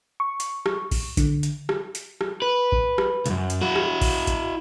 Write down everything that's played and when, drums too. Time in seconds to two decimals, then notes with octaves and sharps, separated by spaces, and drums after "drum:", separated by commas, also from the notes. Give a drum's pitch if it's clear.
0.20 C#6
0.40 drum: hi-hat
0.66 drum: rim click
0.91 drum: kick A1, open hi-hat
1.17 D3, drum: kick A1, hi-hat
1.43 drum: hi-hat
1.69 drum: rim click
1.95 drum: hi-hat
2.21 drum: rim click
2.42 B4
2.72 drum: kick A1
2.98 drum: rim click
3.26 C#2 F#2, drum: hi-hat
3.50 drum: hi-hat
3.61 E4 F#4
3.76 drum: rim click
4.01 drum: kick A1, open hi-hat
4.27 drum: kick A1, hi-hat